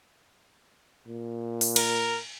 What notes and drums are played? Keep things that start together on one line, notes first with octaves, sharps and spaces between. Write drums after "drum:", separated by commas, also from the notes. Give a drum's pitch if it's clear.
A#2
drum: open hi-hat
A#4, drum: cymbal